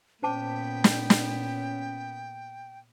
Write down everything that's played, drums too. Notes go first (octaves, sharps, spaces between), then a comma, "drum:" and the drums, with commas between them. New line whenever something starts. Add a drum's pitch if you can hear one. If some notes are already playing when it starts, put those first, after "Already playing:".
A#2 B3 C#4 C5 G5 A5 D6
drum: snare
drum: snare